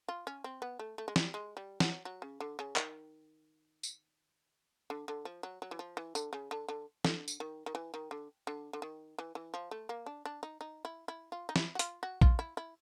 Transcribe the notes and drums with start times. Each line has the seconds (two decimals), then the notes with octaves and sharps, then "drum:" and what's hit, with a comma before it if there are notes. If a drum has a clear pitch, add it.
0.08 F4
0.27 C#4
0.44 C4
0.62 B3
0.79 A3
0.98 A3
1.08 G#3
1.16 G3, drum: snare
1.34 G#3
1.57 G3
1.80 F#3, drum: snare
2.05 F#3
2.22 C#3
2.40 D3
2.59 C#3
2.76 D#3, drum: clap
3.83 drum: tambourine
4.90 D3
5.08 D3
5.25 F3
5.43 F#3
5.62 F#3
5.71 E3
5.79 F3
5.97 E3
6.15 D3, drum: tambourine
6.33 C#3
6.51 D3
6.68 D3
7.05 D3, drum: snare
7.28 drum: tambourine
7.40 D#3
7.66 D#3
7.75 E3
7.94 D#3
8.11 D3
8.47 D3
8.73 D3
8.82 D#3
9.18 E3
9.35 E3
9.54 F3
9.71 A3
9.89 A#3
10.06 D4
10.25 D4
10.43 D#4
10.61 D#4
10.85 E4
11.08 E4
11.32 F4
11.49 D#4
11.56 E4, drum: snare
11.75 F#4
11.79 F4, drum: hi-hat
12.03 F#4
12.21 F4, drum: kick
12.39 E4
12.57 E4